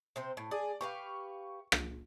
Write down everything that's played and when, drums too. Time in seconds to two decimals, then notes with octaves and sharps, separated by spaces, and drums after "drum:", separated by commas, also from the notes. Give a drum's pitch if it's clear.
0.16 C3 C4 C5
0.37 A2
0.51 G#4 D5
0.81 G4 B4 F5 C#6
1.72 drum: rim click